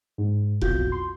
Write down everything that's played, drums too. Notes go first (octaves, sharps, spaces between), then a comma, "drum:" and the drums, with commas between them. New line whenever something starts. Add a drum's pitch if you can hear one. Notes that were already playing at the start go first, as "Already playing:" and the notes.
G#2
B1 F2 F4 F#4 G6, drum: kick F1
C6